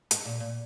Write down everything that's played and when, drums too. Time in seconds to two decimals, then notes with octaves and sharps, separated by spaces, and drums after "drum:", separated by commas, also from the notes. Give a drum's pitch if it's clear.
0.11 G#2, drum: hi-hat
0.25 A#2
0.40 A#2